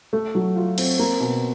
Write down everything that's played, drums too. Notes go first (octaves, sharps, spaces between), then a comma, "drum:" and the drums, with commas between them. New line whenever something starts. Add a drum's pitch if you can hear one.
A3
F#3
F4
C4, drum: cymbal
A#3
B2